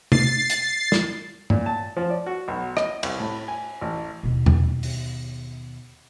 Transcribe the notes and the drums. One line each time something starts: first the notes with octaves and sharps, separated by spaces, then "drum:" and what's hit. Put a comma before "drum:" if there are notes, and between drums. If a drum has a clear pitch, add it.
A6 C7, drum: tom C3
drum: hi-hat
drum: snare
A#2, drum: tom G2
A5
F3
D5
F#4
B1
D#5, drum: rim click
C2, drum: cymbal
A2
G#5
A1
D#2 B2
drum: tom E2
drum: open hi-hat